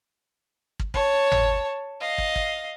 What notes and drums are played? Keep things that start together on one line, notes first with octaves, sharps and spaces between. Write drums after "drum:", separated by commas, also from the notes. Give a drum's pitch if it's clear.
drum: kick
C#5 A5, drum: kick
drum: tom G#1
D#5 F5
drum: kick
drum: kick